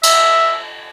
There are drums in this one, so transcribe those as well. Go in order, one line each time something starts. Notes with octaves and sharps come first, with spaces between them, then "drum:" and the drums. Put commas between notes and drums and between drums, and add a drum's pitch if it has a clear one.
E5, drum: cymbal